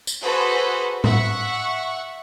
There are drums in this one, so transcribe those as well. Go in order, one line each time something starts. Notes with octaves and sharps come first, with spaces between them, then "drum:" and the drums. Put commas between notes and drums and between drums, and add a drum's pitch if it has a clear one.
drum: tambourine
F#4 G#4 A4 B4 C5 B5
E5 F#5 C#6, drum: tom A2